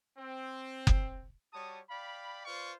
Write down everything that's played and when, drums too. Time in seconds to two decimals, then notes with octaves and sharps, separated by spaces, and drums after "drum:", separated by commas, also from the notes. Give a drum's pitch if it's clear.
0.18 C4
0.87 drum: kick F#1
1.54 G3 F#4 C#5 A5 D#6
1.90 D5 F5 G5 B5
2.45 F4 B4 C5 D5 F5 C#6